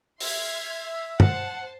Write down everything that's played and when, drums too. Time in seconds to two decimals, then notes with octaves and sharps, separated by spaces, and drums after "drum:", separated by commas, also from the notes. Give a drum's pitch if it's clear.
0.20 E5 C6 F6 G#6, drum: open hi-hat
1.20 C5 F#5 A5, drum: tom